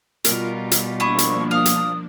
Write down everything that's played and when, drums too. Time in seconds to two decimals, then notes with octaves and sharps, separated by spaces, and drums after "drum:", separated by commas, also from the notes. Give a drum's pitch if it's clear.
0.24 B2 G3 F4 A#4, drum: hi-hat
0.71 drum: hi-hat
1.00 F3 A#3 D4 E4 C#6 D#6
1.18 drum: hi-hat
1.51 F5 D#6
1.66 drum: hi-hat